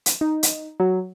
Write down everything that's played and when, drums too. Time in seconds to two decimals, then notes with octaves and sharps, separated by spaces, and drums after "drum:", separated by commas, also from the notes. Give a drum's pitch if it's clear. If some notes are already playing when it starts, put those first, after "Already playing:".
0.06 drum: hi-hat
0.21 D#4
0.43 drum: hi-hat
0.80 F#3